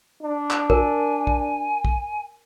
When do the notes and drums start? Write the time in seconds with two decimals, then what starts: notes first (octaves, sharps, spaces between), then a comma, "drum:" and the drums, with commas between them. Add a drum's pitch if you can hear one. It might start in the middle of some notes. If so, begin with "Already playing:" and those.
0.22 D4
0.51 drum: clap
0.70 A#4 G#5, drum: kick
1.27 drum: kick
1.85 drum: kick